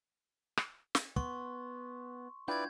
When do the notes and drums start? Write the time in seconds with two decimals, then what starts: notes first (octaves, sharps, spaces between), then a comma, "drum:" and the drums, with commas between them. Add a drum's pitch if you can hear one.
0.57 drum: rim click
0.95 drum: snare
1.16 B3 C6 C#6, drum: kick
2.48 D4 E4 F4 B4 D5 G5 G6 G#6